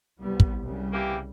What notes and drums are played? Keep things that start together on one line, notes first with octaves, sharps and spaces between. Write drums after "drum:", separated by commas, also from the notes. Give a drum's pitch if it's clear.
C2 G3 B3
drum: kick
C2 C#3 G3
E3 A#3 G4